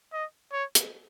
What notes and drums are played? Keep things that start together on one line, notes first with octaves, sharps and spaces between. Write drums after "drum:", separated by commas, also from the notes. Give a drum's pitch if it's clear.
D#5
C#5
drum: hi-hat